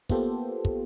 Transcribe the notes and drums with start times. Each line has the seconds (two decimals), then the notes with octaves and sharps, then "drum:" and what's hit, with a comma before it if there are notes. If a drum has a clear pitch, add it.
0.09 A#3 B3 F4 G4 A4 C5, drum: kick
0.65 drum: kick